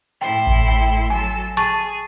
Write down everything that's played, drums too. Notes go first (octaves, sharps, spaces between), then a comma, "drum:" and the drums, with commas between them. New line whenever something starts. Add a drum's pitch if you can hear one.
A2 E4 G5 C6
drum: kick A1
G5
F#3 A4 G#5
G#4 A5 C#6 A6, drum: hi-hat